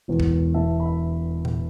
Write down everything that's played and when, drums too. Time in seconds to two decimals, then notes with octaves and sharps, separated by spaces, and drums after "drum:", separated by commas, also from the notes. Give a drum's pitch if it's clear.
0.08 E1 E2 E3
0.20 drum: kick
0.54 E1 E2 E3 E5 A5
0.80 B5
0.85 E5
1.45 drum: tom A#2